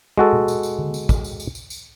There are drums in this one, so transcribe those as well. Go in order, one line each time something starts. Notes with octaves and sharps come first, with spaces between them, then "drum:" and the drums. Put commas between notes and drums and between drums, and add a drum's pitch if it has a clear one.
G#3 F#4 A4
drum: tom B2
drum: tambourine
drum: tambourine
drum: tom D3
drum: tambourine
drum: kick, tambourine
drum: tambourine
drum: tambourine
drum: tambourine
drum: tambourine